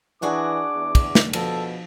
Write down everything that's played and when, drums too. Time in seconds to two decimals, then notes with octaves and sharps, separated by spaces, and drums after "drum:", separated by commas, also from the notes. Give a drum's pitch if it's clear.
0.22 E3 D4 F#4 G#4 D6
0.75 E2
0.95 drum: kick, cymbal
1.15 drum: snare
1.33 B2 F3 A4, drum: cymbal